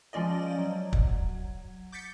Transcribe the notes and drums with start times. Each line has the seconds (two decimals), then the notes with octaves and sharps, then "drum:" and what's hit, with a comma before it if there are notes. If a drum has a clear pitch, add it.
0.13 F3 G#3 C#4 D5 D#5
0.58 F#3
0.93 drum: kick
1.92 D6 G6 A6 B6 C#7